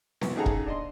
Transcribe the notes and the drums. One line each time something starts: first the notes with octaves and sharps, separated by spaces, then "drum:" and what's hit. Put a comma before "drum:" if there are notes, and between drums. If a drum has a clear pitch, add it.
B1 E3, drum: snare C4
C#3 D#4 G#4 A4 F#5 A#5
drum: kick
D4 D#5 C6